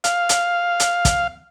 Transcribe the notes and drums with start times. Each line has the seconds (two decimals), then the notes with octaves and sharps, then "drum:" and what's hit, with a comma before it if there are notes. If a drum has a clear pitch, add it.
0.04 F5, drum: hi-hat
0.29 drum: hi-hat
0.80 drum: hi-hat
1.05 drum: kick, hi-hat